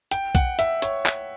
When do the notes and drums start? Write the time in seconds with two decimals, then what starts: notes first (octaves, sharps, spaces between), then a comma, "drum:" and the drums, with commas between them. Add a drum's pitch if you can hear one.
0.11 G5, drum: hi-hat
0.35 F#5, drum: kick B1, hi-hat
0.59 E5, drum: hi-hat
0.82 C#5, drum: hi-hat
1.06 drum: clap